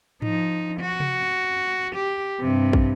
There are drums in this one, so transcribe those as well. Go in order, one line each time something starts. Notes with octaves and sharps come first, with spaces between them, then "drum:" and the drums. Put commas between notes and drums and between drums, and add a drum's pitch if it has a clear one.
F3 D#4, drum: tom G#2
F#4
drum: tom C3
G4
G2 C3
drum: kick